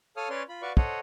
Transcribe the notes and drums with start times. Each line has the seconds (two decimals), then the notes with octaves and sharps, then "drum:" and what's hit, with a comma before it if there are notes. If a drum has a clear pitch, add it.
0.17 A4 C#5 F5 D#6 F6
0.30 C#4 B4 C#5 D5 C6
0.49 F4 B5
0.62 F#4 B4 D5 F5 C#6
0.77 A4 C5 C#5 D#5 F#5, drum: kick